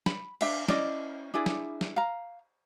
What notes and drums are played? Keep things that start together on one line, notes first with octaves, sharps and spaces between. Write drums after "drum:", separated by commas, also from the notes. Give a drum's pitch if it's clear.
B5, drum: snare
D4 E5 F5, drum: cymbal
C#4 E4 D5 D#5, drum: snare
D4 E4 G#4 D5
drum: snare
drum: snare
F5 A#5